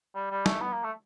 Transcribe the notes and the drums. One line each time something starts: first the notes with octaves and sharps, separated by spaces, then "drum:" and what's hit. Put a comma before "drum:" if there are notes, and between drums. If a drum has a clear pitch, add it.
G3
G3
A3, drum: snare
B3
A#3
A3